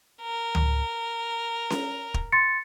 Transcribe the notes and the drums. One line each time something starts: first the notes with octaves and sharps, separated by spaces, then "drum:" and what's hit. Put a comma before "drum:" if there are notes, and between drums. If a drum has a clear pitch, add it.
A#4
drum: tom C#2
drum: snare C#4
drum: kick
C6 A6 C#7